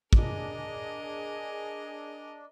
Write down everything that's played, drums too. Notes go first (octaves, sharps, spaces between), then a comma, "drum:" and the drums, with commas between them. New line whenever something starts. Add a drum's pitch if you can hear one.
D4 G#4 A#4 D#5, drum: kick